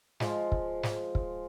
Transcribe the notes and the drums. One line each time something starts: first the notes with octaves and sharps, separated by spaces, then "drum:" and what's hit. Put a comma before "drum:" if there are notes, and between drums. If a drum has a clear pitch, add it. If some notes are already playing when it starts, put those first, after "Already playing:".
F3 G#3, drum: snare
drum: kick
drum: snare
drum: kick